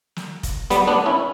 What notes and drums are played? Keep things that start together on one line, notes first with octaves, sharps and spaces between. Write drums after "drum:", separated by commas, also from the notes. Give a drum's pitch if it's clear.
drum: snare
drum: kick F1, hi-hat
G3 B3, drum: hi-hat
B3 D4
C#4 E4